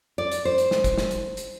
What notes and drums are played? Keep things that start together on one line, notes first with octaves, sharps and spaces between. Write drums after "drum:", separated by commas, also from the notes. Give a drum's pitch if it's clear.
D5
drum: hi-hat
C5
drum: hi-hat
drum: snare
drum: kick, hi-hat
drum: snare
drum: hi-hat
drum: hi-hat